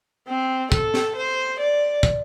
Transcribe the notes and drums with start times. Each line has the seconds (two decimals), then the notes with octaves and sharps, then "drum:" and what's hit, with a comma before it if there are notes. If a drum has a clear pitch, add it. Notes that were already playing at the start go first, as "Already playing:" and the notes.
0.28 C4
0.72 A4, drum: kick
0.94 drum: snare
1.16 C5
1.60 D5
2.03 drum: kick